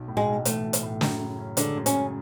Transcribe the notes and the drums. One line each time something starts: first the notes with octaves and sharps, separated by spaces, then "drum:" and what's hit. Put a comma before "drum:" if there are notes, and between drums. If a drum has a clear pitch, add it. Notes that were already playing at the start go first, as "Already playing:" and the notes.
Already playing: B1
A2
G#3
B1
E3 A3, drum: hi-hat
B1
drum: hi-hat
A2
F#2, drum: snare
C#3
C#4
D3 G#3, drum: hi-hat
F#2
C#4, drum: hi-hat
C#3